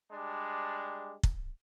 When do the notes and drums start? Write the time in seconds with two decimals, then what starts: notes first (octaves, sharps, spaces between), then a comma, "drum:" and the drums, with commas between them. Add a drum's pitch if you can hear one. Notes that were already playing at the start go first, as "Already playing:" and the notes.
0.11 G3 G#3 D4
1.23 drum: kick